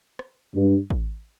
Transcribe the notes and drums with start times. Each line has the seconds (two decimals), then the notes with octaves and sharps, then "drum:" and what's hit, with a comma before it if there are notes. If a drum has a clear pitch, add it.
0.19 drum: rim click
0.55 G2
0.90 drum: kick A1